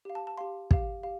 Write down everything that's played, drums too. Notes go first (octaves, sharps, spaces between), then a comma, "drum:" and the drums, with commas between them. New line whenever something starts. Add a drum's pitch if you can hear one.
G4 F5
A5
A5
G4 F5 C6
G4 F5, drum: kick
G4 F5